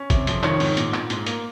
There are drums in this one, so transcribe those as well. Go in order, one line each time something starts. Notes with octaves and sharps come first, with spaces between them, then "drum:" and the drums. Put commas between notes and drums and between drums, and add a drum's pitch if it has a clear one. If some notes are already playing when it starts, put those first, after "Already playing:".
Already playing: C#4
C3, drum: kick G1, hi-hat
F2, drum: hi-hat
D#3 C#5, drum: clap
G#2, drum: open hi-hat
A#2, drum: hi-hat
A#2, drum: clap
G#2, drum: hi-hat
A#3, drum: hi-hat